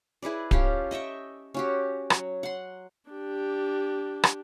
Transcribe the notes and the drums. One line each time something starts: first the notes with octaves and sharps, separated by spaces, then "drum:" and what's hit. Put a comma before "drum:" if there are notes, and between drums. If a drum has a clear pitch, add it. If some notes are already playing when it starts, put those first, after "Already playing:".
E4 G#4 B4 D5
C#4 F4 G4 A4, drum: kick D1
D#5 E5 G5 C#6
C#4 F#4 G4
F#3, drum: rim click
F#5 C6
D4 G4
drum: rim click